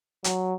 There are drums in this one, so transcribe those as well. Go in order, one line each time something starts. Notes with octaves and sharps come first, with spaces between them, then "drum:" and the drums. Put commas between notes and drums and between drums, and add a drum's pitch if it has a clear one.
F#3, drum: hi-hat